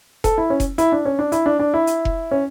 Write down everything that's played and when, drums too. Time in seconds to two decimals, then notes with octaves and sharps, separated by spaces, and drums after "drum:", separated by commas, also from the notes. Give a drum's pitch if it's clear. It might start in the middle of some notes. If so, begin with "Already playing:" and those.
0.24 A4, drum: kick F1, hi-hat
0.38 E4
0.50 C#4
0.60 drum: kick F1, hi-hat
0.78 E4, drum: hi-hat
0.92 D4
1.05 C#4
1.19 D4
1.32 E4, drum: hi-hat
1.46 D4
1.59 D4
1.74 E4
1.87 drum: hi-hat
2.05 drum: kick F1
2.31 C#4